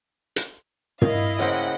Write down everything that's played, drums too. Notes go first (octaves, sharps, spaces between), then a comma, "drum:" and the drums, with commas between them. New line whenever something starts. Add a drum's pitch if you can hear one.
drum: hi-hat
E4 A#4 D#5 F5, drum: tom
C#3 A#3 C5 F#5 G5